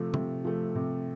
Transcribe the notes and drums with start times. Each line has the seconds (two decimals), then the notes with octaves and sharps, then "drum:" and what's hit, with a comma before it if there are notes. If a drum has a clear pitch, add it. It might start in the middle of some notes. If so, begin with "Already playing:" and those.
Already playing: C3 F3 A3
0.14 C3, drum: tom C3
0.44 F3 A3
0.75 C3